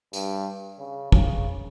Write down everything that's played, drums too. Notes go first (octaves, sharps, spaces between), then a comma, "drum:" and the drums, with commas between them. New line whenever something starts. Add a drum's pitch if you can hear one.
G2, drum: tambourine
C#3
C#3, drum: kick